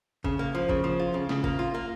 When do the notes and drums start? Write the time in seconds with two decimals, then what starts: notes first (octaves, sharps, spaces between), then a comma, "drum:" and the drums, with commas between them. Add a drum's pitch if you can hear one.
0.24 C#3, drum: kick
0.39 A#3
0.55 F3
0.69 C#3, drum: kick
0.84 F3
1.00 F4
1.14 C#3
1.29 C#3, drum: snare
1.44 A#3, drum: kick
1.59 F4
1.74 A#3